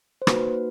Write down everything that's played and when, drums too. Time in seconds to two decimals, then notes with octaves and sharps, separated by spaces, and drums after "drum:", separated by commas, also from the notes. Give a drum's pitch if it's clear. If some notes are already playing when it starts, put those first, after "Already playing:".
0.22 C5
0.27 A#3 D#4 F#4 B4, drum: rim click